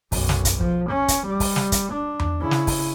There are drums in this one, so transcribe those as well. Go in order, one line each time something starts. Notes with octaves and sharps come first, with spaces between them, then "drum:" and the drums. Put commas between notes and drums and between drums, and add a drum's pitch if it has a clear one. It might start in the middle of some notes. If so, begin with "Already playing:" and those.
B1 F#2, drum: kick, open hi-hat
drum: snare
drum: kick, hi-hat
F3, drum: kick
C#4
drum: kick, hi-hat
G3
drum: kick, open hi-hat
drum: snare
drum: kick, hi-hat
D4
drum: tom E2
C#3 E4
drum: snare
drum: kick, open hi-hat